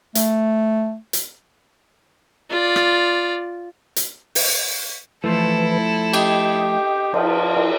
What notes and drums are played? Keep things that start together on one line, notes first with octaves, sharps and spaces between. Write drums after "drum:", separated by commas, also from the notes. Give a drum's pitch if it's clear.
A3, drum: hi-hat
drum: hi-hat
F4 D5
drum: rim click
drum: hi-hat
drum: open hi-hat
E3 F3 A3 E4 A4 B4
G4 D#5 G5, drum: cymbal
F3 B4, drum: cymbal
drum: cymbal